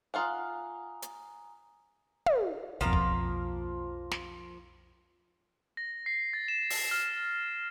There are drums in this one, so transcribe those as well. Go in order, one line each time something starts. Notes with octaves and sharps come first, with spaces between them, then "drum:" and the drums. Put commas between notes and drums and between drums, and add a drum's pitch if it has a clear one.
F4 F5 F#5 G#5 A#5 D#6
drum: hi-hat
drum: tom
B1 F2 F3 A#3 F5
drum: kick
drum: snare
A#6
C7
A6
E7
drum: open hi-hat
F6